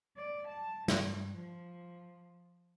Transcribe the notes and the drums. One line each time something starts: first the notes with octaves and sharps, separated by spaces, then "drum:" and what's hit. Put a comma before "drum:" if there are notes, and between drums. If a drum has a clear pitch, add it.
D5
A5
G2, drum: snare
F3